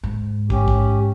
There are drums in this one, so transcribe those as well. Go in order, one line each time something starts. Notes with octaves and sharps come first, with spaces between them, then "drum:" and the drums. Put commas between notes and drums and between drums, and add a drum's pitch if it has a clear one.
G#2
C#4 G4, drum: kick
drum: kick